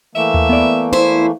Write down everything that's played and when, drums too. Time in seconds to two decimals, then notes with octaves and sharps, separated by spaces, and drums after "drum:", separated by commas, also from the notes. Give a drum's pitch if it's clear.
0.15 E3 A3 A#3 E5
0.34 drum: tom D#2
0.49 B3 D5
0.93 E2 E4 C5